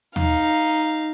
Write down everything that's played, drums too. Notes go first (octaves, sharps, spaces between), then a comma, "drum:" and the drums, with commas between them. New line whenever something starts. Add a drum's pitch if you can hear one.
D#4 F5, drum: tom D#2